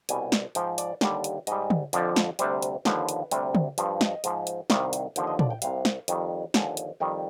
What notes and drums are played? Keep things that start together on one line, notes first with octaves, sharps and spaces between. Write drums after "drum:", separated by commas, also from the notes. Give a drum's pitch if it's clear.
C2 B2 G3 G#5, drum: hi-hat
drum: snare
G#2 F3 G5, drum: hi-hat
D5, drum: hi-hat
D#2 D3 G3 D5, drum: snare
drum: hi-hat
G#2 G3 D#5, drum: hi-hat
drum: tom
F2 D3 F3 D5, drum: hi-hat
drum: snare
D2 C3 G3 C5, drum: hi-hat
drum: hi-hat
D#2 D3 F3 B4, drum: snare
drum: hi-hat
D2 C3 G3, drum: hi-hat
drum: tom
G2 F3, drum: hi-hat
D#5, drum: snare
G#2 F3, drum: hi-hat
drum: hi-hat
C2 C3 D#3 G3 F5, drum: snare
drum: hi-hat
D#2 D3 F3 G5, drum: hi-hat
D#5
D5, drum: tom
G5
C2 C3 G3 F5, drum: hi-hat
drum: snare
F2 D#3 G3, drum: hi-hat
D#2 D3 F3 G#5, drum: snare
drum: hi-hat
F2 D#3 G3 G5